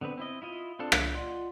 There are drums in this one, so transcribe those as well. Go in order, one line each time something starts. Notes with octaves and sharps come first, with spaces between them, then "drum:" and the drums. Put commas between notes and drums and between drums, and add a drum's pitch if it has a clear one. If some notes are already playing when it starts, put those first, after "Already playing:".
D3 B3 C4 B4
C4 E4 D#5
E4 F4 D#5
C4 D4 F4 A4
D3 C#5 E5 F6 F#6, drum: rim click
F4 D5 D#5 F#5 C6